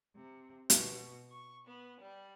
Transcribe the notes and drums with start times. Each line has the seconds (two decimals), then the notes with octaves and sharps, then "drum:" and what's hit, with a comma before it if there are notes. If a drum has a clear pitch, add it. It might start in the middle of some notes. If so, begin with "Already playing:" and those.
0.15 C3
0.70 B2, drum: hi-hat
1.30 C#6
1.65 B3
1.99 G3